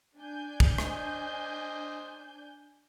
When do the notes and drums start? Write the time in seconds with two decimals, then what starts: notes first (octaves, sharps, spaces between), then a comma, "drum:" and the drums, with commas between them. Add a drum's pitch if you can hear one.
0.19 D4 G#5 G6
0.60 drum: kick
0.78 C5 D#5, drum: rim click